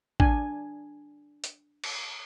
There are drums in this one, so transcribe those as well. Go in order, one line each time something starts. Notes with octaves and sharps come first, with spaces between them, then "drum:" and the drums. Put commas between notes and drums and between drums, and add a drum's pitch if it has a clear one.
D4 G#5, drum: kick
drum: hi-hat
drum: cymbal